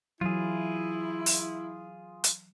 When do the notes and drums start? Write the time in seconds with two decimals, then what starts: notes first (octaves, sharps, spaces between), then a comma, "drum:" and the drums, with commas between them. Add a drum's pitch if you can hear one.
0.21 E3 F#3 E4 F4 G#4
1.26 drum: open hi-hat
2.24 drum: hi-hat